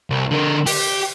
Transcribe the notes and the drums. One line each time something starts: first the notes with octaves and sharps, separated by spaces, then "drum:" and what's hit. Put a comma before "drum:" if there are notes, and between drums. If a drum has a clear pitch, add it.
C2
D3 A#4
G4, drum: open hi-hat